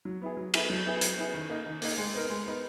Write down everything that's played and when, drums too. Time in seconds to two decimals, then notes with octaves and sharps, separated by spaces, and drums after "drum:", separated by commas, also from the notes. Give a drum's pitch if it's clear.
0.05 F#3
0.21 B3 E4 G#4
0.37 F#3
0.54 B3 E4 G#4, drum: cymbal
0.70 F#3
0.86 B3 E4 G#4
1.01 F#3, drum: hi-hat
1.18 B3 E4 G#4
1.34 D#3
1.50 A#3 D#4
1.66 D#3
1.82 A#3 D#4, drum: open hi-hat
1.98 G#3
2.14 B3 D#4 A#4
2.30 G#3
2.46 B3 D#4 A#4